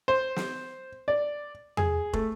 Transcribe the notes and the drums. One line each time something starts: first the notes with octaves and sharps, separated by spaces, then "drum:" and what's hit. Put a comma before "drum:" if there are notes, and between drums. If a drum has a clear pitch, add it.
C5
drum: snare
D5
G#4, drum: tom E2
A3, drum: kick